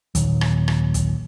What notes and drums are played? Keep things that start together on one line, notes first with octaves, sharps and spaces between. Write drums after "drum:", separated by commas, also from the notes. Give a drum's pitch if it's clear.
D#2 A#2 D#3 F#3, drum: kick, hi-hat
drum: rim click
drum: rim click
drum: kick, hi-hat